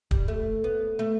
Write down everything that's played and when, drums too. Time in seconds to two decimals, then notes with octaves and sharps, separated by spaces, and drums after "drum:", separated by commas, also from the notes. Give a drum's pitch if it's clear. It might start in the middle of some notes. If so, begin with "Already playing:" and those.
0.11 G3, drum: kick
0.28 A3
0.64 B3
0.99 A3